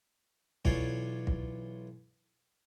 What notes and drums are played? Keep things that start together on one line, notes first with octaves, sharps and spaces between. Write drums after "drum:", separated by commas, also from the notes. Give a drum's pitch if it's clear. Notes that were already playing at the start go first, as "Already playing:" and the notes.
B1 E3 F4 C#5 D5 G#5, drum: kick
drum: kick